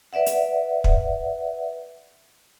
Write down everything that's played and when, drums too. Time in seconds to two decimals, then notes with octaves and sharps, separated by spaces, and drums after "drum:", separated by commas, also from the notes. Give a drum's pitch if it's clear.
0.13 B4 D5 E5 F#5
0.26 drum: hi-hat
0.84 drum: kick